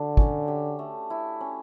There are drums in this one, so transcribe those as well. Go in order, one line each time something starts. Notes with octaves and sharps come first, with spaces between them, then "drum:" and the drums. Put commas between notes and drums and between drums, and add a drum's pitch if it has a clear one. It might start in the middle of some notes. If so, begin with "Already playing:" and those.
Already playing: D3 D4 F#4
C#4, drum: kick
G4
A3
E4
C#4